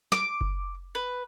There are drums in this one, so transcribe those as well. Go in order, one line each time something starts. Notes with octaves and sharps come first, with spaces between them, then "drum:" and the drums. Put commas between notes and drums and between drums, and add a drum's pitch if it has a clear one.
D6, drum: snare
drum: kick F#1
B4